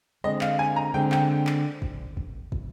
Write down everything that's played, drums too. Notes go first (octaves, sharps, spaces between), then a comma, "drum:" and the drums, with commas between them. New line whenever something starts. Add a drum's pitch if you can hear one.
D3 G#3 C4 D#5
F5, drum: clap
G#5
A#5
D3 G#3 C4 G5
G5, drum: clap
drum: clap
drum: kick
drum: kick
drum: kick